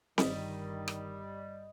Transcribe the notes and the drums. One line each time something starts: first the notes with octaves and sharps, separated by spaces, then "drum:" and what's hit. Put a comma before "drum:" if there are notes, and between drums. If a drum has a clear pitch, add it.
G1 G2 D#3 G3 D#5 B5, drum: snare C4
drum: rim click